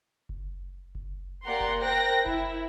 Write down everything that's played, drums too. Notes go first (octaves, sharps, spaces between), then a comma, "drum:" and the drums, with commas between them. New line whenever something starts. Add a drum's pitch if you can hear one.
drum: kick F#1
drum: kick F#1
A#3 G4 D5 F#5 A#5 C6
drum: kick F#1
A#4 C5 G5 F#6 A#6
E4, drum: kick F#1